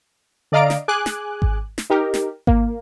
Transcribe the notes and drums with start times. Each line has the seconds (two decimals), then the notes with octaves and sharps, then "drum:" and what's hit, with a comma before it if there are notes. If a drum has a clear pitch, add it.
0.52 D3 D5 D#5 F5 A#5 D7
0.70 drum: snare
0.88 G#4 G#5 D6 F#6
1.06 drum: snare
1.42 drum: kick G#1
1.78 drum: snare
1.90 D#4 G4 A#4
2.14 drum: snare
2.47 A#3, drum: kick G#1